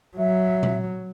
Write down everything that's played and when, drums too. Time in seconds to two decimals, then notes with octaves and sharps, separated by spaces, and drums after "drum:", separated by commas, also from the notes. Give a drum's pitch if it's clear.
0.17 F#3 E5
0.63 drum: tom A#2